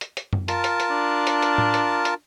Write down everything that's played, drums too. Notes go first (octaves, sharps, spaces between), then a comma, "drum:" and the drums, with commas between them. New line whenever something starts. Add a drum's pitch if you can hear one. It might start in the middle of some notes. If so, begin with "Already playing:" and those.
drum: hi-hat
drum: hi-hat
drum: tom F#2
F4 A#4 A5, drum: hi-hat
drum: hi-hat
drum: hi-hat
D4
drum: hi-hat
drum: hi-hat
drum: tom A2
drum: hi-hat
drum: hi-hat